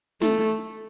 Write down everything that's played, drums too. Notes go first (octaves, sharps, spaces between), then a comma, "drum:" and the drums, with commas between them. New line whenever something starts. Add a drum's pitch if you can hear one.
A3, drum: snare